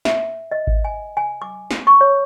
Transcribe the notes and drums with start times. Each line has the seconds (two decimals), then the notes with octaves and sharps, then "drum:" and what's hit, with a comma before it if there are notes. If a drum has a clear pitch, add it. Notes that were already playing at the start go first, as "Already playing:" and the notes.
0.05 E5, drum: snare
0.51 D#5
0.67 drum: kick G#1
0.84 G#5
1.17 G#5
1.42 D6
1.71 drum: snare
1.87 C#6
2.01 C#5